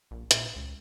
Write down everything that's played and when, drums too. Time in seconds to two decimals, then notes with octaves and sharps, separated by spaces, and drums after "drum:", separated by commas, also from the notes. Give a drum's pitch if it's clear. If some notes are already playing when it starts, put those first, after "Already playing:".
0.11 A#1
0.31 A#2, drum: hi-hat
0.56 C#2